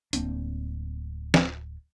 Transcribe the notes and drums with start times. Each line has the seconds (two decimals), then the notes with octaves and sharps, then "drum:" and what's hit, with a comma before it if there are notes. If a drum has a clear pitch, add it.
0.13 D1 A#3 C4 D4, drum: hi-hat
1.34 drum: snare